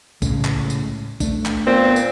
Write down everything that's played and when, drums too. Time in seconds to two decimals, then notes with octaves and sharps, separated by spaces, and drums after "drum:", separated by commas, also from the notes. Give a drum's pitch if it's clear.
0.22 A2 C#3 G#3, drum: kick A#1, tambourine
0.45 drum: clap
0.70 drum: tambourine
1.20 A3 D4, drum: kick A#1, tambourine
1.46 drum: clap
1.67 A#2 B3 C4
1.96 drum: tambourine